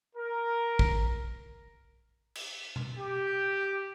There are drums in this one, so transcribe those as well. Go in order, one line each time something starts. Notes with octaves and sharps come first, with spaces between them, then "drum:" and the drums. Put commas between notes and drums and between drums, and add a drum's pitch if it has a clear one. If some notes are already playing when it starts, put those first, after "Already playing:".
A#4
drum: kick
drum: cymbal
drum: tom B2
G4